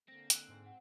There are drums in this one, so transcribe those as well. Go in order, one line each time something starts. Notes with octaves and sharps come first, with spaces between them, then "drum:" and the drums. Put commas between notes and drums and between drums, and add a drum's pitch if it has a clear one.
D3 A#3 C4 A#6
E6 F#6 F#7, drum: hi-hat
G#2
F#5